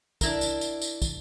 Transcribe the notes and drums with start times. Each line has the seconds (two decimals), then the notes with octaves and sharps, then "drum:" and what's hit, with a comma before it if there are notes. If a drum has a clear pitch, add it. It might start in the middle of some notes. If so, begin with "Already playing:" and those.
0.21 D4 E4 A#4, drum: kick, tambourine
0.41 drum: tambourine
0.61 drum: tambourine
0.81 drum: tambourine
1.02 drum: kick, tambourine